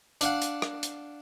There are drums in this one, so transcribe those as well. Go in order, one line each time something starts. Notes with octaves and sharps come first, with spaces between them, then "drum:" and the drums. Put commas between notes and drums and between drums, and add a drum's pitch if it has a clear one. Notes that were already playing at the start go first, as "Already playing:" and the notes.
D4 F5 F#5, drum: hi-hat
drum: hi-hat
drum: rim click
drum: hi-hat